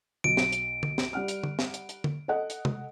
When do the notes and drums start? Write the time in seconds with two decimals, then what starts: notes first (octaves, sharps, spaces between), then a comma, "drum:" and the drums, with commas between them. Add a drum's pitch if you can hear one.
0.24 B1 D7, drum: tom
0.37 drum: snare
0.52 drum: hi-hat
0.83 drum: tom
0.98 drum: snare
1.13 G3 F#5 F6
1.28 drum: hi-hat
1.44 drum: tom
1.59 drum: snare
1.74 drum: hi-hat
1.89 drum: hi-hat
2.04 drum: tom
2.28 A4 D#5 F#5
2.50 drum: hi-hat
2.65 drum: tom C3